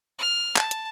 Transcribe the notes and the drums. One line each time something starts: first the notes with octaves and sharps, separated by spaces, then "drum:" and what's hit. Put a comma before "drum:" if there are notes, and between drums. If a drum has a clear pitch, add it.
F6
A5, drum: clap
drum: hi-hat